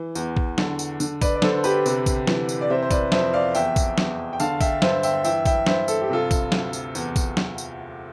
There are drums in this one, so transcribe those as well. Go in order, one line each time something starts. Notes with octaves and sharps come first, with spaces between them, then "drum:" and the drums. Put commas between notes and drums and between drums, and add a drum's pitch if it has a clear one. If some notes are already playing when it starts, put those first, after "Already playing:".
Already playing: E3
E2, drum: tambourine
drum: kick
D3, drum: snare
drum: tambourine
D3, drum: tambourine
B4 D5, drum: kick, tambourine
D5
D3 A4 C5, drum: snare
C5
G4 B4, drum: tambourine
C3, drum: tambourine
drum: kick, tambourine
E3, drum: snare
drum: tambourine
D5
C3 C5 E5
C5
B4 D5, drum: kick, tambourine
F2 C5 E5, drum: snare
D5 F5
E2 E5 G5, drum: tambourine
drum: kick, tambourine
E2, drum: snare
G5
D3 F5 A5, drum: tambourine
E5 G5, drum: kick, tambourine
G2 C5 E5, drum: snare
E5 G5, drum: tambourine
E3 E5 G5, drum: tambourine
E5 G5, drum: kick, tambourine
G2 C5 E5, drum: snare
A4, drum: tambourine
G4
C3 F4 A4
drum: kick, tambourine
D2, drum: snare
drum: tambourine
E2, drum: tambourine
drum: kick, tambourine
drum: snare
drum: tambourine